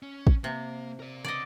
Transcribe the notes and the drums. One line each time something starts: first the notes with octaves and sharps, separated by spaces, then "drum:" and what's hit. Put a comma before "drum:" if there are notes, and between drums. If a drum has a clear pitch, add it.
C#4
drum: kick A1
C3 A#3
A#4 D5
C#3 D5 D#5 F#5